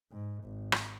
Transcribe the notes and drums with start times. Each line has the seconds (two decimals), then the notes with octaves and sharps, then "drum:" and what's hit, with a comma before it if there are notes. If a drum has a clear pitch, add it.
0.12 G#2
0.44 G#1
0.72 drum: rim click